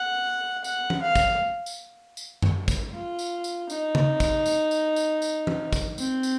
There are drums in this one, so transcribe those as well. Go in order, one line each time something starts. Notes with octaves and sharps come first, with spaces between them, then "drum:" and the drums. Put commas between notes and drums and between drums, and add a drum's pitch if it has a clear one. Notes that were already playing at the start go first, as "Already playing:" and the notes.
Already playing: F#5
F#5, drum: tambourine
drum: tom E3
F5
drum: kick, tambourine
drum: tambourine
drum: tambourine
drum: tom F#2
drum: kick, tambourine
F4
drum: tambourine
drum: tambourine
D#4, drum: tambourine
drum: tom C#3
drum: kick, tambourine
drum: tambourine
drum: tambourine
drum: tambourine
drum: tambourine
drum: tom E3
drum: kick, tambourine
C4, drum: tambourine
drum: tambourine